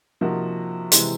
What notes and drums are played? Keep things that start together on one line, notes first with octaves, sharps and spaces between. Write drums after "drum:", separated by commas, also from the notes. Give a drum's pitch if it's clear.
C3 F3 A#3 D#4 F#4
C3 E3 G#3, drum: hi-hat